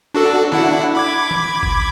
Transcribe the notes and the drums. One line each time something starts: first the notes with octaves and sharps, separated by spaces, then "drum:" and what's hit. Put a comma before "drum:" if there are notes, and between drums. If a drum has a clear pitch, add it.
D4 F#4 A4
D4 E4 F#5, drum: snare
B5 D6 G#6
drum: tom
drum: kick G1